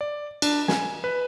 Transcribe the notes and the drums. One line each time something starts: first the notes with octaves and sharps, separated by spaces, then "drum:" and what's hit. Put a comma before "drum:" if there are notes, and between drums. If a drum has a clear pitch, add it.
D5
D4, drum: cymbal
G#5, drum: snare
B4